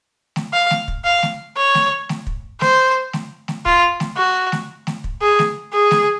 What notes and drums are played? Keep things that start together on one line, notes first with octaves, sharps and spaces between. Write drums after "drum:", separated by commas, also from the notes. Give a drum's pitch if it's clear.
drum: snare
F5
drum: snare
drum: kick
F5
drum: snare
C#5
drum: snare
drum: snare
drum: kick
C5, drum: snare
drum: snare
drum: snare
F4, drum: kick
drum: snare
F#4
drum: snare
drum: snare
drum: kick
G#4
drum: snare
G#4
drum: snare